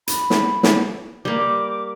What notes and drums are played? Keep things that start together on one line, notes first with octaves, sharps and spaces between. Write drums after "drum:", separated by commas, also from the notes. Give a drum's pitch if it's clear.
B5, drum: hi-hat
drum: snare
drum: snare
G3 A#3 D6